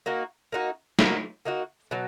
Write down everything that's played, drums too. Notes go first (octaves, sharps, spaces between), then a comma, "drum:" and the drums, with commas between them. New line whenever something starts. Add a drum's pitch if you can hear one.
A#3 D#4 F#4
A#3 D#4 F#4
A#3 D#4 F#4, drum: snare
A#3 D#4 F#4
B2 F#3